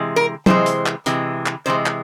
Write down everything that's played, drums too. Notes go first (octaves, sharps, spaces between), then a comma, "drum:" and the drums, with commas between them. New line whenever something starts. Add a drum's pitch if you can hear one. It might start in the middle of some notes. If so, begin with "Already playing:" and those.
Already playing: C3 E3 G#3
A#4
C3 E3 G#3 C5, drum: tom F#3
drum: hi-hat
drum: clap
C3 E3 G#3, drum: hi-hat
drum: clap
C3 E3 G#3 C5
drum: clap